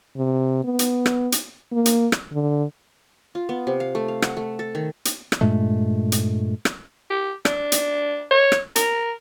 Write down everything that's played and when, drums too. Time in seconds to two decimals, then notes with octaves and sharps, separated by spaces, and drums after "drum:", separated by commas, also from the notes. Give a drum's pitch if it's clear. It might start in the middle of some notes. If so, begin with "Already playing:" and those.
0.17 C3
0.64 B3
0.79 drum: hi-hat
1.06 drum: rim click
1.32 drum: hi-hat
1.72 A#3
1.86 drum: hi-hat
2.12 drum: rim click
2.32 D3
3.35 F4
3.49 B3
3.67 C3
3.80 F5
3.95 A3
4.08 F5
4.22 F#5, drum: rim click
4.37 A3
4.59 A4
4.75 D#3
5.05 drum: hi-hat
5.32 drum: rim click
5.41 G2 A#2 G#3 A3
6.12 drum: hi-hat
6.65 drum: rim click
7.10 G4
7.45 D4, drum: rim click
7.72 drum: hi-hat
8.31 C#5
8.52 drum: rim click
8.76 A#4, drum: hi-hat